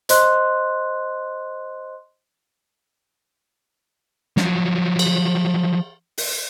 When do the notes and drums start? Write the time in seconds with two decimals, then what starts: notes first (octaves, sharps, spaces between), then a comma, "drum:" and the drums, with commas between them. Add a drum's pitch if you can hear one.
0.09 C5 D#5 C6 F#6, drum: hi-hat
4.37 F3 F#3, drum: snare
4.99 drum: cymbal
6.18 drum: open hi-hat